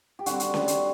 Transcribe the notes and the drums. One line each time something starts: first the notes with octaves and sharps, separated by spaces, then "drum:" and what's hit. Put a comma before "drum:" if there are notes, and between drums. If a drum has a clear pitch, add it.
G4
D3 G3 C4 F#4, drum: hi-hat
drum: hi-hat
drum: snare C#4
drum: hi-hat